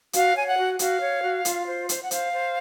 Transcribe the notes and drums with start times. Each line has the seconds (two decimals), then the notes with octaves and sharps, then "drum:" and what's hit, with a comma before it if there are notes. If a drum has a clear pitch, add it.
0.13 F#4 F5, drum: hi-hat
0.35 C#5 G#5
0.46 F#5
0.57 F#4
0.79 F#4 F5, drum: hi-hat
1.01 C#5
1.23 F#4
1.45 F4, drum: hi-hat
1.67 C5
1.89 C5, drum: hi-hat
2.02 F#5
2.11 C5 F5, drum: hi-hat
2.33 C5